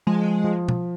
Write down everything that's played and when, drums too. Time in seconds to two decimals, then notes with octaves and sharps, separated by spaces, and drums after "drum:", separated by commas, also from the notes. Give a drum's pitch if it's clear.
0.07 F3 G#3
0.44 F3
0.69 drum: tom